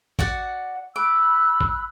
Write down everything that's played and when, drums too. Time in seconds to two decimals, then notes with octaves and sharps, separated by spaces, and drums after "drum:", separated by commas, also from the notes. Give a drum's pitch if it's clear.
0.19 F#4 D5 F#5, drum: kick A1
0.96 B5 D6 E6 F#6
1.61 drum: kick A1